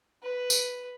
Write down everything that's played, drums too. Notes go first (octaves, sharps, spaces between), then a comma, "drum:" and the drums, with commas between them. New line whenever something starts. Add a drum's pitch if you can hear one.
B4
drum: tambourine